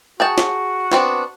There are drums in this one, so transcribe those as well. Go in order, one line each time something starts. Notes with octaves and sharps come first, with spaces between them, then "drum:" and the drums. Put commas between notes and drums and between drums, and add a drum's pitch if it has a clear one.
F#4 G#4 G5 A5
drum: snare
B3 C4 D4, drum: snare